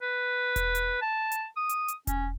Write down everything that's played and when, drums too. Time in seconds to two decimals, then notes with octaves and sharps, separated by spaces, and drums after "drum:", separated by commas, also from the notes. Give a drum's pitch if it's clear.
0.01 B4
0.56 drum: kick E1, hi-hat
0.75 drum: hi-hat
1.02 A5
1.32 drum: hi-hat
1.57 D#6
1.69 drum: hi-hat
1.88 drum: hi-hat
2.07 C#4, drum: kick E1, hi-hat